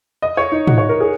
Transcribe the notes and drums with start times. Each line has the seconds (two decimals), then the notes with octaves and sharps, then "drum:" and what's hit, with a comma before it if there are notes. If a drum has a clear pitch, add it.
0.22 D#5
0.37 C#5
0.52 D#4
0.67 F#4, drum: tom
0.78 C#5
0.89 A#4
1.01 G#4